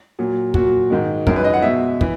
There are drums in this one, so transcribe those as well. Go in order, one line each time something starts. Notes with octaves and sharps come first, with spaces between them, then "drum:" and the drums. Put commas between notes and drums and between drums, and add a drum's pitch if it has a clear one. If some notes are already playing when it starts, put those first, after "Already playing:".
A#2 F#3
A#2 F#3 F#4, drum: kick
G#2 D#3 G#3
F#2 D#3 G#3 A#4, drum: kick
B4
D#5
F#5
B2 G#3 E5
E3, drum: kick